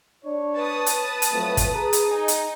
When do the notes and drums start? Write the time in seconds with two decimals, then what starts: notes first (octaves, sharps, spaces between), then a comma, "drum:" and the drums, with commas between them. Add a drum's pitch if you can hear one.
0.25 D4 C#5
0.55 B4 A5 D#6
0.86 drum: hi-hat
1.22 drum: hi-hat
1.32 F3 F#3 A3 C4
1.57 drum: kick, hi-hat
1.75 G#4 A#5
1.93 drum: hi-hat
2.10 D#4 G#5
2.28 drum: hi-hat